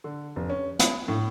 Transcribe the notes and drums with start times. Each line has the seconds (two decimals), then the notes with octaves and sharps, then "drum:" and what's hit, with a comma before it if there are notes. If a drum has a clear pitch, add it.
0.04 D3
0.36 F1
0.50 C#4
0.79 B5, drum: hi-hat
1.08 A2